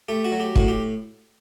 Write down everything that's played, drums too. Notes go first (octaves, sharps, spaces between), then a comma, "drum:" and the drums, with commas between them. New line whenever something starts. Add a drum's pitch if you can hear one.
A3 G4
F#4
F#3
G4
A2 F#4, drum: kick
G4